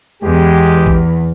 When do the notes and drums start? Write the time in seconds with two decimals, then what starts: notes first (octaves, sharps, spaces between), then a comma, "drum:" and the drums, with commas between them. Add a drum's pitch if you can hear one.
0.23 E2 G#3 G4
0.86 drum: kick